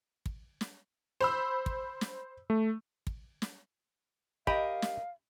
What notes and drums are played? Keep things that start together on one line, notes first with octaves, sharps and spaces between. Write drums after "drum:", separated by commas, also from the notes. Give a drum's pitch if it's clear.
drum: kick
drum: snare
C5 B5 E6
drum: kick
drum: snare
A3
drum: kick
drum: snare
G4 A#4 D#5 F5 B5, drum: kick
drum: snare